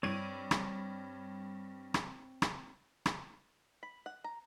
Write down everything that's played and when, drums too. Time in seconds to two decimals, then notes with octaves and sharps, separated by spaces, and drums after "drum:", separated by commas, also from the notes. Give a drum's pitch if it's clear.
0.03 G2 C4 C#5 D5 D#7
0.51 drum: rim click
1.94 drum: rim click
2.42 drum: rim click
3.06 drum: rim click
3.83 B5
4.06 F#5
4.24 A#5